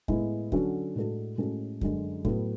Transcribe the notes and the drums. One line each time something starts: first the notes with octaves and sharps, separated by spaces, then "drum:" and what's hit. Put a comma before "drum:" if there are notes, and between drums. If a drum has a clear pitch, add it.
A2 G#3 B3 E4, drum: kick
D3 F#3 C#4 F#4 A4, drum: kick
A2 G#3 D4 F#4 A4
A2 G#3 C#4 F#4 A4
F#2 D3 G#3, drum: kick
A2 F#3 B3, drum: kick